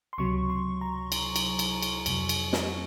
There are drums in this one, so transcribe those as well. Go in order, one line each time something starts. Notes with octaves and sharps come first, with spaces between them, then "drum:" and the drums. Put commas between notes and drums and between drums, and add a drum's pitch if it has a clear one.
C6
C#2 C3 F#3 C#6
C6
A#5
C6, drum: cymbal
drum: cymbal
C#6, drum: cymbal
drum: cymbal
F2 C3 F#3, drum: cymbal
drum: cymbal
drum: snare